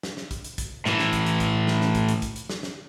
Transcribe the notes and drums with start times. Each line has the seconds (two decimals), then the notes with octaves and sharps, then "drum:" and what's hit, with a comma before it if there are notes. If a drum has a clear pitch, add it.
0.03 drum: snare
0.17 drum: snare
0.31 drum: kick, hi-hat
0.44 drum: hi-hat
0.58 drum: kick, hi-hat
0.85 A2 E3, drum: snare
0.99 drum: snare
1.13 drum: kick, hi-hat
1.26 drum: hi-hat
1.40 drum: kick, hi-hat
1.67 drum: snare
1.81 drum: snare
1.95 drum: kick, hi-hat
2.08 drum: hi-hat
2.22 drum: kick, hi-hat
2.36 drum: hi-hat
2.49 drum: snare
2.63 drum: snare